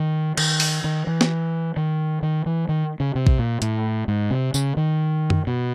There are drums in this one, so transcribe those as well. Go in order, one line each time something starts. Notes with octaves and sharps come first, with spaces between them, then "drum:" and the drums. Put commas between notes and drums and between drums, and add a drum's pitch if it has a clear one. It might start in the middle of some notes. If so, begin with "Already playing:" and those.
Already playing: D#3
D#3, drum: cymbal
drum: open hi-hat
D#3
E3
drum: snare
D#3
D#3
E3
D#3
C#3
C3
drum: kick A#1
A#2
A2, drum: hi-hat
G#2
C3
C#3, drum: tambourine
D#3
drum: tom F#2
B2